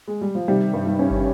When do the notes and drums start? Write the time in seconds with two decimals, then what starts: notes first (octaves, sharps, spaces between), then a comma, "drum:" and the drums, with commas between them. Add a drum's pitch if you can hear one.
0.08 G#3
0.21 G3
0.35 F3
0.48 C3 D#3 G3
0.74 G2
0.86 D#3 G3
0.99 C#4
1.11 drum: kick G1